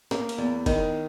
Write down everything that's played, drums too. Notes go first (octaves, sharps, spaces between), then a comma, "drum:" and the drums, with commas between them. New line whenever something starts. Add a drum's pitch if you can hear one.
A#3, drum: snare
drum: cymbal
E2
D#3, drum: kick, cymbal